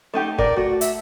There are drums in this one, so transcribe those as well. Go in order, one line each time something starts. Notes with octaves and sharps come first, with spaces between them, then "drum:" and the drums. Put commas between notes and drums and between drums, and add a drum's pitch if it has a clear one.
A3 D#4 G4
A#4 D5, drum: kick
A3 F#4
E5, drum: hi-hat